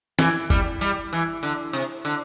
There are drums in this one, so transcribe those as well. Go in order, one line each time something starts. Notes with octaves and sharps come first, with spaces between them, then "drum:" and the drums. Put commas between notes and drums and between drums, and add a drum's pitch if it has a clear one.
E3, drum: snare
G3, drum: kick G1
G3
E3
D3
C3
D3